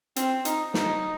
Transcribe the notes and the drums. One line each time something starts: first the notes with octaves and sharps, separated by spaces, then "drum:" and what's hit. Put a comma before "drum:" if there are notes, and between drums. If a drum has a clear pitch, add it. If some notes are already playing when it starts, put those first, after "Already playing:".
C4, drum: hi-hat
D#4, drum: hi-hat
D#4, drum: snare